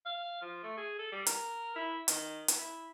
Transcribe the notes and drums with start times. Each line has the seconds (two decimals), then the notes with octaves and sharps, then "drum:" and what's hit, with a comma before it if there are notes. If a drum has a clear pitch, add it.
0.06 F5
0.42 F3
0.63 A3
0.77 G#4
0.99 A4
1.12 G3
1.26 A#4, drum: hi-hat
1.76 E4
2.08 D#3, drum: hi-hat
2.48 drum: hi-hat
2.59 E4